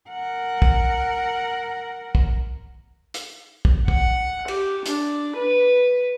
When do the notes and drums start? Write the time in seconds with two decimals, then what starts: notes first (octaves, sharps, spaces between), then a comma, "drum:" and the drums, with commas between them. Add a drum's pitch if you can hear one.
0.10 A#4 F#5
0.62 drum: kick
2.15 drum: kick
3.14 drum: hi-hat
3.65 drum: kick
3.88 F#5, drum: kick
4.48 G4, drum: cymbal
4.86 D4, drum: hi-hat
5.37 B4